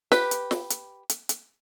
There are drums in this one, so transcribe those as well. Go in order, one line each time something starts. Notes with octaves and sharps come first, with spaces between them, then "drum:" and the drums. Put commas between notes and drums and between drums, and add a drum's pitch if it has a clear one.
G4 B4, drum: snare
drum: hi-hat
drum: snare
drum: hi-hat
drum: hi-hat
drum: hi-hat